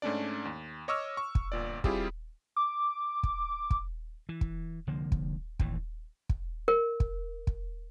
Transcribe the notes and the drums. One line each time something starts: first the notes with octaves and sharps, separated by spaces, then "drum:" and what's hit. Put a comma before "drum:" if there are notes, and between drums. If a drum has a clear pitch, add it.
G#2 A3 C#4 D4 D5
D#2
C#5 D#5 C#6 D6 E6 F6
C#6
drum: kick
G1 A#2 D5
G3 C4 E4 F4 G4 G#4, drum: kick
D6
drum: kick
drum: kick
E3
drum: kick
C2 D3 F3 A#3
drum: kick
A1 D#2 E3, drum: kick
drum: kick
A#4
drum: kick
drum: kick